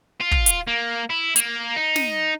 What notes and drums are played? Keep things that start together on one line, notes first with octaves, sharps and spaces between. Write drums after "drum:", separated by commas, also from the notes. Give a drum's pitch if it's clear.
F4
drum: kick
drum: hi-hat
A#3
E4
A#3, drum: hi-hat
D#4
drum: snare